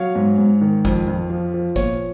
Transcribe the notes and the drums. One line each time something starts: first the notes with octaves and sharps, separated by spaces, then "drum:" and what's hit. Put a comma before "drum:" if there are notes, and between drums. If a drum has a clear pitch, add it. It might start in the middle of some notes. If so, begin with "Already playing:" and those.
Already playing: F#3 C#5 F5
G#2
G#2
D#3
F2, drum: kick G1, hi-hat
F2
F3
F3
A#2 C#5, drum: kick G1, hi-hat